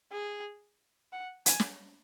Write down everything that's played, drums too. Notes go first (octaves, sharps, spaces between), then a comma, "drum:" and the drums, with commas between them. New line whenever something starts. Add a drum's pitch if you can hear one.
G#4
F#5
G#5, drum: hi-hat
drum: snare